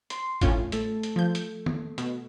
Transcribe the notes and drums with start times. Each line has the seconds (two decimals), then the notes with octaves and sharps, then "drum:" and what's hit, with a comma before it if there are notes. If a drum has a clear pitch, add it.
0.10 C6, drum: hi-hat
0.41 A2 C#4 F4, drum: kick G#1, hi-hat
0.72 A3 A4, drum: hi-hat
1.03 drum: hi-hat
1.16 F3 G6
1.35 drum: hi-hat
1.66 drum: tom
1.98 B2, drum: hi-hat